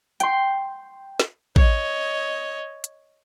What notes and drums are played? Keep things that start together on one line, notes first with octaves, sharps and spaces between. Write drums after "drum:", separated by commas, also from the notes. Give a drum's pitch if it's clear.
G5 C6, drum: hi-hat
drum: snare
C#5 D#5, drum: kick
drum: hi-hat